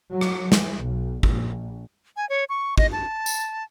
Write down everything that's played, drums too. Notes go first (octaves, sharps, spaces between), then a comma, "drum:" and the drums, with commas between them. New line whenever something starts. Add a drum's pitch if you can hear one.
F#3
drum: rim click
E3, drum: snare
B1
A#1, drum: kick G#1
G#5
C#5
C#6
D#5, drum: kick G#1
A5
drum: tambourine